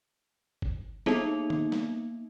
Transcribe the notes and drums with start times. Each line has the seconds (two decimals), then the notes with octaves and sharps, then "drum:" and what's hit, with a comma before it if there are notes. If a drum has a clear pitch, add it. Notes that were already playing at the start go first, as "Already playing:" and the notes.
0.62 drum: kick G1
1.06 A#3 B3 D#4, drum: snare
1.50 drum: tom
1.72 drum: snare